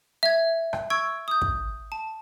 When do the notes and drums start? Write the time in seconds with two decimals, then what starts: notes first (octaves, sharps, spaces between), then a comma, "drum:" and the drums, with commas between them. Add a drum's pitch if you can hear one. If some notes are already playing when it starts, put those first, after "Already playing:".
0.23 E5 G#6
0.73 drum: rim click
0.90 C#6 E6 G#6 D7
1.28 D#6 G6
1.41 drum: kick
1.92 A5